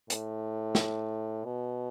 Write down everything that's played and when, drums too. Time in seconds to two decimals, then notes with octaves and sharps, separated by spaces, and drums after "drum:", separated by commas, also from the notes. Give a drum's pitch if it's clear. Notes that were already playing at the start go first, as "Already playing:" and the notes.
0.10 A2, drum: hi-hat
0.75 drum: snare
1.44 B2